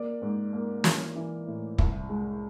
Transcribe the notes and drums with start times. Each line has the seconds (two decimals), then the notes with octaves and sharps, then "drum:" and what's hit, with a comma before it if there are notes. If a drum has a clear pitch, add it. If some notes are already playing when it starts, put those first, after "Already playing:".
Already playing: A#3 D5
0.22 G#2
0.53 A#3
0.84 E3, drum: snare
1.15 E3
1.47 A2
1.78 C2, drum: kick
2.09 G#3